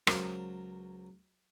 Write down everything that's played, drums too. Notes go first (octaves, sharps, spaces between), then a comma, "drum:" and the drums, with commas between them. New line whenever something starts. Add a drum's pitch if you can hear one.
C#2 F#3 A#4 C5 F5 A5, drum: rim click